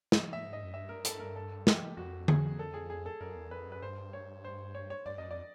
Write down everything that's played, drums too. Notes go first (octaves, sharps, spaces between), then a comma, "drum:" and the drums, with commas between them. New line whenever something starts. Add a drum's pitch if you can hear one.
G#2 D#5, drum: snare
A2 E5
G#2
D#5
F#2
G2 E5
A#4
A4, drum: hi-hat
A#4
A4
G4, drum: snare
F2 F#4
G#4, drum: tom D3
A4
G#4
G#4
A4
F#2 A#4
E2
F2 B4
F#2
B4
G2 C5
C#5
C5
C#5
C#5
G2 D5
F#2 D#5
F2 D5